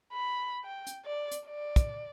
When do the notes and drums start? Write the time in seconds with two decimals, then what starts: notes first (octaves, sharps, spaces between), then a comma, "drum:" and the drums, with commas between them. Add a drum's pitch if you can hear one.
0.13 B5
0.64 G5
0.87 drum: hi-hat
1.05 D5
1.31 drum: hi-hat
1.46 D5
1.76 drum: kick, hi-hat